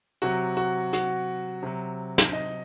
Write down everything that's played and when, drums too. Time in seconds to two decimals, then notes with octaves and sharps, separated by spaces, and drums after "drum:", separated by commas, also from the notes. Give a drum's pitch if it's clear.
0.22 C3 F#3 F#4
0.57 F#4
0.93 F#4, drum: hi-hat
1.63 C3 F#3
2.18 drum: snare
2.33 D#5